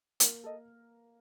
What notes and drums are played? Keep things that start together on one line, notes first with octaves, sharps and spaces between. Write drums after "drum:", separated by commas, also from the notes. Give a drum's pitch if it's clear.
A#3 F4 A#4, drum: hi-hat
A4 D#5